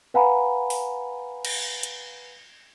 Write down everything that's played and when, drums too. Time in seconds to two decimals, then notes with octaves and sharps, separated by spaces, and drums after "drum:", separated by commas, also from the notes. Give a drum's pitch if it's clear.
0.14 B4 F5 F#5 G#5 A#5 B5
0.70 drum: open hi-hat
1.45 drum: cymbal
1.83 drum: hi-hat